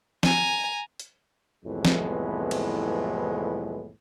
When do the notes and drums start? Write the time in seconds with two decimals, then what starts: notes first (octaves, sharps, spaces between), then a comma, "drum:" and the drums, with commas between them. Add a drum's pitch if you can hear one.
0.23 G#5 A#5, drum: snare
0.99 drum: hi-hat
1.65 C2 F2 A2 E3 G#3 B3
1.85 drum: snare
2.51 drum: cymbal